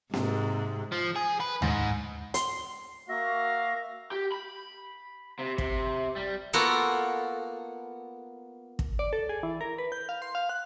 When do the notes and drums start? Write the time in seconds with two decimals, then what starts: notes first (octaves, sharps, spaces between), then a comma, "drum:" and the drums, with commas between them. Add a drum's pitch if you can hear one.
0.13 G#2 C3, drum: snare A#3
0.92 F3
1.16 G#4
1.40 B4
1.62 G#2, drum: tom D2
2.34 C6, drum: hi-hat
3.09 A#3 F#4 E5 F5 A#6
4.11 G4
4.32 B5
5.39 C3
5.58 C3, drum: kick
6.16 G3
6.53 A#3 B3 F4 F#4 A4
8.79 drum: kick
8.99 D5
9.13 A4
9.29 G#4
9.43 E3
9.61 A#4
9.78 B4
9.92 G6
10.09 F5
10.22 C6
10.35 F5
10.49 F#6